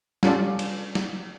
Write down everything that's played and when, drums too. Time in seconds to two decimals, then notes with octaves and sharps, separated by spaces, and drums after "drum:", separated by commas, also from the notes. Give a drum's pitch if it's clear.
0.23 G3 C#4 F4 A4 D5, drum: snare
0.59 drum: cymbal
0.95 drum: snare